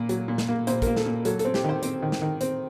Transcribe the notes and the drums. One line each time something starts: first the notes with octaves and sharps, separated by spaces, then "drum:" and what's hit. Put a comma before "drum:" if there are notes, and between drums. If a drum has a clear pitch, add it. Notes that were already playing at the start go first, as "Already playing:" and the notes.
Already playing: A#2 A#3
F#3, drum: hi-hat
A#2
drum: snare
A#3
A#2 C5, drum: hi-hat
A#3 A#4, drum: kick, hi-hat
A4, drum: snare
A#2
F#3 A4, drum: hi-hat
A4, drum: hi-hat
C4
G4, drum: snare
D#3 C5
C4, drum: hi-hat
D#3
drum: snare
D#3
C4, drum: hi-hat